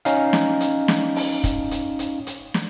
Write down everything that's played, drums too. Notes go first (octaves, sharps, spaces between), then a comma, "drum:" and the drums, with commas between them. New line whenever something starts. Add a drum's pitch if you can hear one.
C#4 D#4 F5, drum: hi-hat
drum: snare
drum: hi-hat
drum: snare
drum: open hi-hat
drum: kick, hi-hat
drum: hi-hat
drum: hi-hat
drum: hi-hat
drum: snare